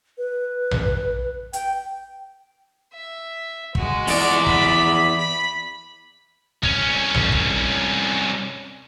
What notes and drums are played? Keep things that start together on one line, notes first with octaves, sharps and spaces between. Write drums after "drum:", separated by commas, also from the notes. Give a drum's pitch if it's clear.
B4
drum: tom A#1
G5, drum: hi-hat
E5
G#3 F#4, drum: kick
E2 D5, drum: open hi-hat
B5, drum: kick
B5
C2 C#4, drum: kick
drum: tom A#1
drum: kick